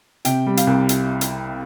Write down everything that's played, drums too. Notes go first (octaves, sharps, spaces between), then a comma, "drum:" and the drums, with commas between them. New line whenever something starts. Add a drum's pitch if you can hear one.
C3 G5, drum: hi-hat
G3
F5, drum: hi-hat
C2
drum: hi-hat
drum: hi-hat